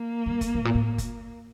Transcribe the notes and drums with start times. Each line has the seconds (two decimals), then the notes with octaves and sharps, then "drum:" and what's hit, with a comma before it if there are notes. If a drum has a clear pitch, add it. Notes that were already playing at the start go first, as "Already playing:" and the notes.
Already playing: A#3
0.26 G2
0.41 drum: kick F#1, hi-hat
0.55 A2
0.65 A#2
0.75 A2
0.98 drum: kick F#1, hi-hat